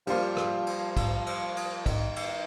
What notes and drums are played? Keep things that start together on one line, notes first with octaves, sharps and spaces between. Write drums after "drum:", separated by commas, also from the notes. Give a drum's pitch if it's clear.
F3 G3 A#3 F4 C5, drum: cymbal
drum: rim click
drum: cymbal
drum: kick, cymbal
drum: cymbal
drum: cymbal
D#3, drum: kick, cymbal
drum: cymbal